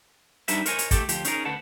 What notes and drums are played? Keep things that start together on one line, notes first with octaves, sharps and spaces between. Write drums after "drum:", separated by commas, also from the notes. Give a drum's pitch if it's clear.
G3 D4 D#4 G4 B4 E5, drum: hi-hat
A#4 C5 C#5 D#5 G#5, drum: hi-hat
drum: hi-hat
A3 G4 A4, drum: kick, hi-hat
D2 F3 G4, drum: hi-hat
C#4 D#4 G#4 A#4, drum: hi-hat
D2 B4 F#5 A5